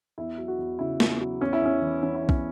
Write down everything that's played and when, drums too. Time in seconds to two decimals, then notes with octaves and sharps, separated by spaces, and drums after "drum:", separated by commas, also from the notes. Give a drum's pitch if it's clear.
0.18 E2 E4
0.38 F#3
0.48 F#4
0.58 E2
0.79 C#3 E4
1.00 E2, drum: snare
1.21 F#3
1.41 E2 C#4
1.53 E4
1.62 E2 C#4
1.81 E3
2.03 E3 C#4
2.15 E4
2.23 E2
2.29 C#4, drum: kick